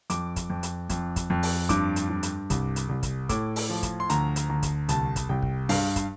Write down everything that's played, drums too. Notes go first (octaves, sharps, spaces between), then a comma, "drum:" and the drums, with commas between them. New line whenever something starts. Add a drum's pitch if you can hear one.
F2 D6, drum: hi-hat
drum: kick, hi-hat
F2
drum: hi-hat
F2, drum: kick, hi-hat
drum: kick, hi-hat
F2
drum: open hi-hat
G2 D6, drum: kick, hi-hat
drum: hi-hat
G2
drum: hi-hat
C2, drum: kick, hi-hat
drum: hi-hat
C2
drum: kick, hi-hat
A2 D6, drum: kick, hi-hat
drum: open hi-hat
F3
drum: kick, hi-hat
C6
D2 A#5, drum: hi-hat
drum: hi-hat
D2 A#5
drum: kick, hi-hat
C2 A5, drum: hi-hat
drum: kick, hi-hat
C2 G5
drum: kick
G2 F5, drum: open hi-hat
drum: kick, hi-hat